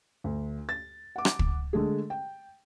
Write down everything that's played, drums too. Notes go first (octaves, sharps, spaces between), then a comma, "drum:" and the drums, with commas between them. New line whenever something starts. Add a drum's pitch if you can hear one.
D2
A6
F#5 D6
drum: rim click
drum: kick
D3 G#3 A3 G#4
G5